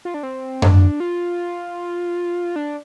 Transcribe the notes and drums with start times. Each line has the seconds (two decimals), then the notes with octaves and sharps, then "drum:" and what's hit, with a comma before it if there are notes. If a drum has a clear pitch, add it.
0.05 F4
0.14 D4
0.23 C4
0.62 D4, drum: tom F#2
1.00 F4
2.56 D4